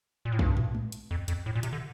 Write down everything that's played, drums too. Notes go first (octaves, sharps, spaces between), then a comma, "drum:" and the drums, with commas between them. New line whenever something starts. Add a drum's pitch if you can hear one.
A#2
A2
G2, drum: kick A#1
drum: tom
drum: tom G#3
drum: hi-hat
F2
F2, drum: hi-hat
A2
A#2
C3, drum: hi-hat
D3